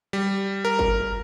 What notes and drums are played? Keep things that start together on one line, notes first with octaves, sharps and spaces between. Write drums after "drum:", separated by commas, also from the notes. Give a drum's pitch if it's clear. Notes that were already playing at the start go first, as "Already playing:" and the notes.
G3
A#4
drum: kick G1